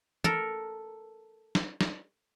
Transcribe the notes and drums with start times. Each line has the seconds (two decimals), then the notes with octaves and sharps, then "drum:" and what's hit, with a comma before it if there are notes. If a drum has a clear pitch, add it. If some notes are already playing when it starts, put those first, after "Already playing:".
0.24 A4 A#4, drum: tom
1.55 drum: snare
1.81 drum: snare